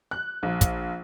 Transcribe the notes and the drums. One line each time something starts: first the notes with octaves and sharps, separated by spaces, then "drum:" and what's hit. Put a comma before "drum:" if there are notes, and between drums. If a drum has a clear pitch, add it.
F#6
A#1
drum: kick, hi-hat